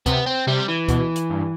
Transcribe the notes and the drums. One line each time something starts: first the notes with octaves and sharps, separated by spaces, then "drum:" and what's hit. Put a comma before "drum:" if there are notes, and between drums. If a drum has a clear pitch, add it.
C3 B3, drum: kick, hi-hat
C4
C3 G3
E3
B2, drum: kick, hi-hat
drum: hi-hat
G2